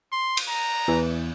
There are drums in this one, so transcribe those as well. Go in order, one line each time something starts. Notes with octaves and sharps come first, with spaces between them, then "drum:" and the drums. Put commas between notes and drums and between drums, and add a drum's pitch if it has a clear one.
C6
drum: cymbal
A#5
E2 E3